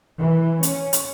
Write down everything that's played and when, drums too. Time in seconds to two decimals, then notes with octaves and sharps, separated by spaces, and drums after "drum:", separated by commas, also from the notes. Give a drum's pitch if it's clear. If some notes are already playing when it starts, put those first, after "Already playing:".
0.20 E3
0.63 C#4, drum: hi-hat
0.93 drum: hi-hat